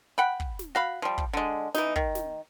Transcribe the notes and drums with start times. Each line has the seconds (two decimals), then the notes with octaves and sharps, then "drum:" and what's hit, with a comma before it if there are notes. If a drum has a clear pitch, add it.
0.18 F#5 G5 B5
0.40 drum: kick
0.59 drum: snare
0.75 F#4 F5 B5
1.02 F3 G3
1.18 drum: kick
1.33 D3 G#3
1.75 E3 D#4, drum: snare
1.96 D#3, drum: kick
2.15 drum: snare